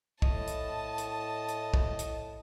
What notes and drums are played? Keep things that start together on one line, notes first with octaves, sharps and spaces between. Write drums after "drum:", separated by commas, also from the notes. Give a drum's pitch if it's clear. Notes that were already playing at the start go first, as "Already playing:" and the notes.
A2 D#5 A5, drum: kick
drum: hi-hat
drum: hi-hat
drum: hi-hat
drum: kick
drum: hi-hat